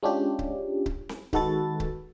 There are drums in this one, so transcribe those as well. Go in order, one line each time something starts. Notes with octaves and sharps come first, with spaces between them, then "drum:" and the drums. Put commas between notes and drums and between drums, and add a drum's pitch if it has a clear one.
G#3 C#4 D4 F4 G4
drum: kick C#1
drum: kick C#1
drum: snare C4
D#3 G#3 F#4 A4 B4 A6, drum: kick C#1
drum: kick C#1